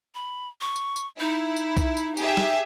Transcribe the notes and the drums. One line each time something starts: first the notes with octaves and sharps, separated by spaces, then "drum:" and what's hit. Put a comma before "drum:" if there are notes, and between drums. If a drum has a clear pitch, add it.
B5
C#6
drum: tambourine
drum: tambourine
D#4 E4
drum: tambourine
drum: kick B1, tambourine
drum: tambourine
G4 G#4 E5, drum: tambourine
drum: snare